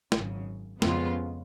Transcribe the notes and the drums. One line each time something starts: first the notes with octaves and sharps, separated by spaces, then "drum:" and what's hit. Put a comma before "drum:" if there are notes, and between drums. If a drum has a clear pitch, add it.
G#1 F#2 C#3, drum: snare
F2 C#3 G#3 B3 F4, drum: snare